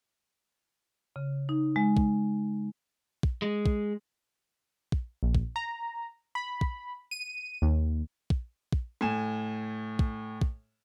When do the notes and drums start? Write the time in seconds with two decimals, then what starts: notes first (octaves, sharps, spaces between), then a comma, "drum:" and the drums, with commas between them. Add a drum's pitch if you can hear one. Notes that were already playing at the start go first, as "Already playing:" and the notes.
1.16 C#3
1.49 D#4
1.76 G#3
1.97 drum: kick
3.23 drum: kick
3.42 G#3
3.66 drum: kick
4.92 drum: kick
5.23 A#1
5.35 drum: kick
5.56 A#5
6.35 B5
6.61 drum: kick
7.11 D#7
7.62 D#2
8.30 drum: kick
8.73 drum: kick
9.01 A2 G#5 E7
9.99 drum: kick
10.41 drum: kick